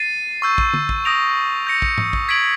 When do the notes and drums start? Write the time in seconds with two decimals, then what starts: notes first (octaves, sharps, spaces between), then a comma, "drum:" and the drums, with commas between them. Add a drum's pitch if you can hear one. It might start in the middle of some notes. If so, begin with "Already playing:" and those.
Already playing: A6 C7 D#7
0.42 C#6 E6 G6
0.58 drum: kick A#1
0.74 drum: tom
0.89 drum: kick A#1
1.05 D#6 G6 A#6 D7 F7
1.67 G6 A#6 C#7
1.82 drum: kick A#1
1.98 drum: tom G#2
2.13 drum: kick A#1
2.29 G#6 B6 D7 F#7